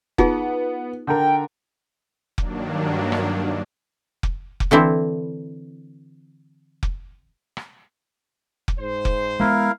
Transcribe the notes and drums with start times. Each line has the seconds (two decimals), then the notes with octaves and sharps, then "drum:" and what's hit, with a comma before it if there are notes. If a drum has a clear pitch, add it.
0.18 B3 D#4 F4 G#4, drum: kick F1
1.07 D3 A#4 G5
2.38 G2 D#3 F#3 A#3 D4, drum: kick F1
3.12 drum: rim click
4.23 drum: kick F1
4.60 drum: kick F1
4.71 D3 E3 C4 E4
6.83 drum: kick F1
7.57 drum: rim click
8.68 drum: kick F1
8.79 G#2 C5
9.05 drum: kick F1
9.40 G#3 A3 B3 E4 A#4 F5